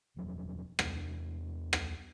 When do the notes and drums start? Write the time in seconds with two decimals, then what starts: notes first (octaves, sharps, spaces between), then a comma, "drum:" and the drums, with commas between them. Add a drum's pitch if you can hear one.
0.16 E1 E2 F3 F#3
0.79 E2 C3 G#3 D4, drum: rim click
1.73 drum: rim click